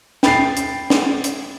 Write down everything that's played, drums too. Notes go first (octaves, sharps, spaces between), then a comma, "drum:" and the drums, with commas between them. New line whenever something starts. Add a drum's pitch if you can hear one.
G5 B5 A6 C7, drum: snare
drum: hi-hat
drum: snare
drum: hi-hat